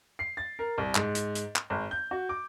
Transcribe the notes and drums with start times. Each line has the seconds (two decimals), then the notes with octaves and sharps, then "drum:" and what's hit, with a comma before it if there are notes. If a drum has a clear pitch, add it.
0.19 C7
0.37 A6
0.59 A#4
0.78 C2
0.95 G#2, drum: clap
1.15 drum: hi-hat
1.35 drum: hi-hat
1.56 drum: clap
1.70 G#1
1.91 G6
2.11 F#4
2.29 D6